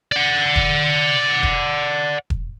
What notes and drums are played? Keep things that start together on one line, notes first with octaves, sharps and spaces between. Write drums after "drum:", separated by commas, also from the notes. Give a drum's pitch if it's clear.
D5 F#5
drum: kick E1
drum: kick E1
drum: kick E1